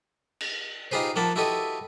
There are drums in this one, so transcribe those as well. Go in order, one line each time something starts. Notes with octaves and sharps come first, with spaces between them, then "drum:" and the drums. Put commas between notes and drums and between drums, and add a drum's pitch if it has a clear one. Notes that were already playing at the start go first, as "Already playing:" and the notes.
drum: cymbal
D#4 F4 G4 G#4 B4 C5
F3 A#3 F#5 A5 B5
E4 F#4 G4 A4 B4 D#5